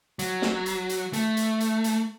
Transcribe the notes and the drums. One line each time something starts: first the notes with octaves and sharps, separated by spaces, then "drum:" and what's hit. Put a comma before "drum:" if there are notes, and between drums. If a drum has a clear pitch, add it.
F#3, drum: hi-hat
drum: snare
drum: hi-hat
drum: hi-hat
A3, drum: hi-hat
drum: hi-hat
drum: hi-hat
drum: hi-hat